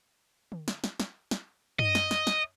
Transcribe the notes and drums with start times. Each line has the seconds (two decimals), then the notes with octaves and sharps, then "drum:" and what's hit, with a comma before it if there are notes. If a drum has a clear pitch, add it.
0.52 drum: tom D3
0.68 drum: snare
0.84 drum: snare
1.00 drum: snare
1.31 drum: snare
1.79 D#5, drum: tom
1.95 drum: snare
2.11 drum: snare
2.27 drum: snare